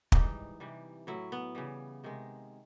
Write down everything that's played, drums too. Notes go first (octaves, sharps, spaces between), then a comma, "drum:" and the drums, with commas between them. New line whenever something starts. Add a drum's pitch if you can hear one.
G#2 E3 G3 D#4, drum: kick
C3 E3 G3
A2 F#3 E4
B3
C#3 E3 G3
C3 D#3 G#3